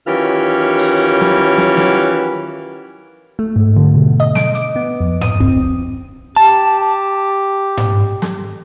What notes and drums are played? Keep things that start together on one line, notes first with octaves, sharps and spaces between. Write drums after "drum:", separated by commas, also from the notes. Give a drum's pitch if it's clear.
D#3 E3 F#3 C#4 F4 G4
drum: open hi-hat
drum: snare
drum: snare
drum: snare
A3
G#2
D3
B2
D#5
D7, drum: snare
D6, drum: hi-hat
B3
F2
D#6, drum: tom G#2
C4, drum: kick C2
G4 A5, drum: hi-hat
drum: tom G#2
drum: snare